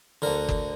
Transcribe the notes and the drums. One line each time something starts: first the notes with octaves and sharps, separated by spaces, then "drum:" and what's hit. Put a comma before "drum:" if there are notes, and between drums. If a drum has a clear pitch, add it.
D2 D3 A#4
drum: kick F#1